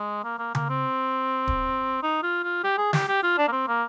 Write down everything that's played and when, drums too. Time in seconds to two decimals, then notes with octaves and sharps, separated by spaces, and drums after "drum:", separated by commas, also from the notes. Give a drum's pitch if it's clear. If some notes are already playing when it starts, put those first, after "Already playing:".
Already playing: G#3
0.24 A#3
0.38 A#3
0.55 A#3, drum: tom C#3
0.69 C4
1.48 drum: kick D1
2.03 D#4
2.23 F4
2.43 F4
2.63 G4
2.77 G#4
2.93 G4, drum: snare
3.08 G4
3.23 F4
3.38 D4
3.48 A#3
3.52 C4
3.68 A#3